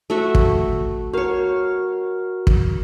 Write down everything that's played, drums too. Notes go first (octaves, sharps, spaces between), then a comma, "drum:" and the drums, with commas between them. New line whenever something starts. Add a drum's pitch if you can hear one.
A3 F#4 E5
drum: kick
F#4 A#4 C#5 F5
drum: kick